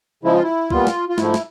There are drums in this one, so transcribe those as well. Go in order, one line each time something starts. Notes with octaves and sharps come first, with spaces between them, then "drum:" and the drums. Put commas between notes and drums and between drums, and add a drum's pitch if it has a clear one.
C#3 F3 G#3 E4
F4
E4
A#2 G3 B3 F4, drum: kick
drum: snare
F4
G#2 F3 A3 E4, drum: snare
drum: snare